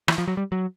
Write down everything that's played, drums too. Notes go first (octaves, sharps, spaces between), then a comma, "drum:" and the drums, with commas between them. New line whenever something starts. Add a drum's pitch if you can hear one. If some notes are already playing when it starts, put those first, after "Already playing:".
E3, drum: rim click
F3
F#3
G3
F#3